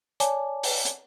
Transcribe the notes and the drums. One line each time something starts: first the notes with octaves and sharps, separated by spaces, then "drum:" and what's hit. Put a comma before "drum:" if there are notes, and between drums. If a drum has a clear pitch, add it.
C#5 D5 G#5 A5 D6, drum: hi-hat
drum: open hi-hat
drum: hi-hat